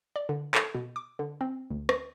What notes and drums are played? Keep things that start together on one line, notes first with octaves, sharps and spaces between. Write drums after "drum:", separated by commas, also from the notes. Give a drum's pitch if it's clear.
D5
D3
A4, drum: clap
B2
D6
D3
C4
D2
drum: rim click